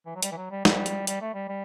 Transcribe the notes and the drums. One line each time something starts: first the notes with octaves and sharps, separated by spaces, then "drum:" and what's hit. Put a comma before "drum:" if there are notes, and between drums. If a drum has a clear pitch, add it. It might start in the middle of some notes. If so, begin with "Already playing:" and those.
E3
F#3
G3, drum: hi-hat
E3
F#3
G3
G3, drum: snare
drum: hi-hat
G3, drum: hi-hat
A3
G3
G3